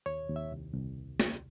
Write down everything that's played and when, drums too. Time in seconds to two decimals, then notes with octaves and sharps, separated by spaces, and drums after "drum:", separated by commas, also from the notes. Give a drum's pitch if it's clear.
0.06 D#2 C#5
0.29 D#2
0.36 E5
0.52 C2
0.74 C2
1.20 drum: snare